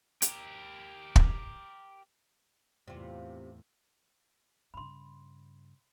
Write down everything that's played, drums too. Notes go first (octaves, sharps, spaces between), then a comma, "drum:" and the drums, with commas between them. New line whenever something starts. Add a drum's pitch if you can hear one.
G4 A#4, drum: hi-hat
drum: kick
E2 A2 C3 F4
G2 C#3 B5 C6